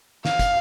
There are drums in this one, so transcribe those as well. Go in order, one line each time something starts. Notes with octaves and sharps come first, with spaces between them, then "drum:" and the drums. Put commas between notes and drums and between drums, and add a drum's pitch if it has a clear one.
F5, drum: snare
drum: kick, hi-hat